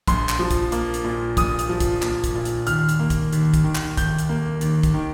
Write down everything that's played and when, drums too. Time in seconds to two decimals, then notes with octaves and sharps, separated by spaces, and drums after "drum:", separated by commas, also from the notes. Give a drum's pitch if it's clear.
0.07 A#1 C6, drum: kick, hi-hat
0.29 drum: clap
0.39 F3
0.51 drum: kick, hi-hat
0.72 A#3, drum: hi-hat
0.94 drum: hi-hat
1.04 A#2
1.37 A#1 D#6, drum: kick, hi-hat
1.59 drum: hi-hat
1.69 F3
1.80 drum: kick, hi-hat
2.02 A#3, drum: clap
2.24 drum: kick, hi-hat
2.35 A#2
2.45 drum: hi-hat
2.67 D#2 F6, drum: hi-hat
2.89 drum: hi-hat
2.99 A#3
3.10 drum: kick, hi-hat
3.33 D#2, drum: hi-hat
3.54 drum: kick, hi-hat
3.64 D#3
3.75 drum: clap
3.97 D#2 G6, drum: kick, hi-hat
4.19 drum: hi-hat
4.29 A#3
4.61 D#2, drum: hi-hat
4.83 drum: kick, hi-hat
4.94 D#3